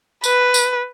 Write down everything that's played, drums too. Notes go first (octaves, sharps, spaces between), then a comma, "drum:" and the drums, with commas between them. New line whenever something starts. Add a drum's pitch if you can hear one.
B4, drum: tambourine
drum: tambourine